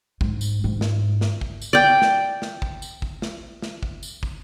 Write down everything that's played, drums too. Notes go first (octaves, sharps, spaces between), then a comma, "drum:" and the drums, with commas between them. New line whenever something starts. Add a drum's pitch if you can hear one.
G#2, drum: kick
drum: tambourine
G#2
drum: snare
drum: snare
drum: kick
drum: tambourine
D5 G5
drum: snare
drum: snare
drum: kick
drum: tambourine
drum: kick
drum: snare
drum: snare
drum: kick
drum: tambourine
drum: kick